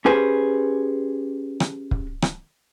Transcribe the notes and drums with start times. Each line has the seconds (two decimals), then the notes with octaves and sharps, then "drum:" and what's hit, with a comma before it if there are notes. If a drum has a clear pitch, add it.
0.05 C#4 G4 G#4 B4 C5
1.60 drum: rim click
1.91 drum: kick
2.22 drum: rim click